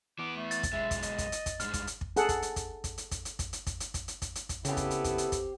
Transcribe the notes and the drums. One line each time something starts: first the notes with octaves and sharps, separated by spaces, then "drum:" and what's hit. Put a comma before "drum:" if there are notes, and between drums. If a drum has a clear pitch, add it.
E3 B3 D6
A3
A6, drum: hi-hat
drum: kick, hi-hat
B1 G#3 E5
drum: kick, hi-hat
D#5, drum: hi-hat
drum: kick, hi-hat
drum: hi-hat
drum: kick, hi-hat
G2 G#3 F6, drum: hi-hat
drum: kick, hi-hat
drum: hi-hat
drum: kick
G#4 A4 F#5, drum: hi-hat
drum: kick, hi-hat
drum: hi-hat
drum: kick, hi-hat
drum: kick, hi-hat
drum: hi-hat
drum: kick, hi-hat
drum: hi-hat
drum: kick, hi-hat
drum: hi-hat
drum: kick, hi-hat
drum: hi-hat
drum: kick, hi-hat
drum: hi-hat
drum: kick, hi-hat
drum: hi-hat
drum: kick, hi-hat
C#3 B3 C4 E4 G4 A4, drum: hi-hat
drum: kick, hi-hat
drum: hi-hat
drum: kick, hi-hat
drum: hi-hat
drum: kick, hi-hat